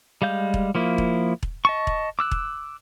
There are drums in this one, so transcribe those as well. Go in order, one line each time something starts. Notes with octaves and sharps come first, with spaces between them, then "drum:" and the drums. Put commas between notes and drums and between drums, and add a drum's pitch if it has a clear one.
G3 G#3 F5 G6
drum: kick E1
F3 A#3 E4
drum: kick E1
drum: kick E1
D#5 A5 C#6
drum: kick E1
D6 E6 F#6
drum: kick E1